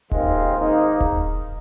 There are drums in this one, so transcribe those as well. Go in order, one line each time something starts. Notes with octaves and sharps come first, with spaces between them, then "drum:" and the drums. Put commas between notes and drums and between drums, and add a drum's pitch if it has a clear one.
D#2 D#3 G#3 C4 F4, drum: kick D#1
G#2 D#3 A#3 D#4
drum: kick D#1